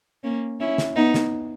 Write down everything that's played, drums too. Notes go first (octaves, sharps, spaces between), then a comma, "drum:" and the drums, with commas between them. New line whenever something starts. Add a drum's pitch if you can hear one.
A#3 C#4
C#4 E4
drum: snare
B3 D#4
drum: snare